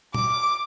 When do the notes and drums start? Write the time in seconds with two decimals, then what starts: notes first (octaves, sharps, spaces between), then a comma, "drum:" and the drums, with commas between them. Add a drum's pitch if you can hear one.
0.14 D6, drum: tom